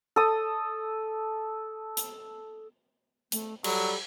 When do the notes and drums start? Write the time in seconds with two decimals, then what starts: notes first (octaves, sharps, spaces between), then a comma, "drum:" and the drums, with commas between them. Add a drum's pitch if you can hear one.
0.16 A4 D#6
1.97 drum: hi-hat
3.32 A3, drum: hi-hat
3.64 F#3 G3 A4, drum: cymbal